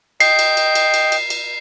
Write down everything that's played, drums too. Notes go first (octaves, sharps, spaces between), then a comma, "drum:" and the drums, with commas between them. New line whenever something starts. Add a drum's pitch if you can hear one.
D#5 G5 C7, drum: cymbal
drum: cymbal
drum: cymbal
drum: cymbal
drum: cymbal
drum: cymbal
drum: cymbal